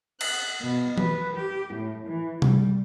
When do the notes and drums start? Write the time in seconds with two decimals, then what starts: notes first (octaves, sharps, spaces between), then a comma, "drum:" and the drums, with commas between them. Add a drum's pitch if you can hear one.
0.21 F#6, drum: cymbal
0.60 B2
0.98 B4, drum: tom E3
1.34 G4
1.74 A2
2.07 E3
2.42 G3, drum: tom C3